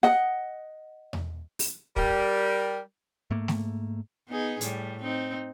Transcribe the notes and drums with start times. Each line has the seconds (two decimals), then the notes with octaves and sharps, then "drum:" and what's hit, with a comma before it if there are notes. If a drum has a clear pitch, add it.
0.03 D#5 F#5, drum: rim click
1.13 drum: tom E2
1.59 drum: open hi-hat
1.96 G3 A#4, drum: kick
3.31 G#2 A3 A#3
3.48 drum: snare A3
4.29 B3 D#4 G#4
4.61 A2 G3, drum: hi-hat
5.01 C4 D#4